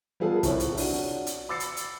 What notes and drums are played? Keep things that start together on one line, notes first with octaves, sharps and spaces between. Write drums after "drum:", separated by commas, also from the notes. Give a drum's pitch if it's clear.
G3 B3 F4 G#4 A4
C2 F3 E4 C#5, drum: kick, hi-hat
drum: hi-hat
D4 F#4, drum: open hi-hat
drum: hi-hat
B5 D6 E6 A6 C7 C#7
drum: hi-hat
drum: hi-hat